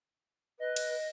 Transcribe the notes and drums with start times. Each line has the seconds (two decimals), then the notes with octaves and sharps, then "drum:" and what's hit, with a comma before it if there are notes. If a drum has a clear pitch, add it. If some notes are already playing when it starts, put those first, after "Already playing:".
0.60 B4 D#5
0.76 drum: cymbal